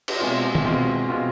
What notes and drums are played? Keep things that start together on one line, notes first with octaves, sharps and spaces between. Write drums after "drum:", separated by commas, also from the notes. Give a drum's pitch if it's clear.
drum: cymbal
B2 G#3 C4 F4
drum: tom D#3
B2 G#3 C4 F4
B2 G#3 C4 F4